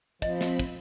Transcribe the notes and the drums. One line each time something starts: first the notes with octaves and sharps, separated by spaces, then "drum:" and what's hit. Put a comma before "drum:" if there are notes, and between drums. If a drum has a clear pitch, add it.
F3 C4 D#5 B5, drum: kick, hi-hat
drum: snare
drum: kick, hi-hat